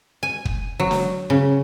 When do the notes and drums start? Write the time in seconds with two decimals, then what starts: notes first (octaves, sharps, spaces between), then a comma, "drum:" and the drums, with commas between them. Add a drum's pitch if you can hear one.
0.23 G#5
0.45 drum: kick
0.80 F#3
0.91 drum: snare
1.30 C#3